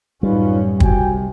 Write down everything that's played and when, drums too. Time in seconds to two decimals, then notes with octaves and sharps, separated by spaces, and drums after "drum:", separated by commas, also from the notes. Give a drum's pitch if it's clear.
0.23 A1 F#2 G3 C#4 D#4 F4 B4
0.80 C2 C3 F#4 G5 G#5, drum: kick